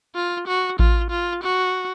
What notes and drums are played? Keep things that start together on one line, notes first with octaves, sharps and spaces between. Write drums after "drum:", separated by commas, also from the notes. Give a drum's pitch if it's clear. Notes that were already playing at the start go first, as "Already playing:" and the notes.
F4
F#4
F4, drum: kick A1
F4
F#4